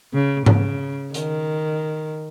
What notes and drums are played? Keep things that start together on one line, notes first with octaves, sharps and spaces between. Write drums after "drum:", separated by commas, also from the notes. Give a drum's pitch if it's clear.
C#3
C#3, drum: tom G#2
D#3, drum: hi-hat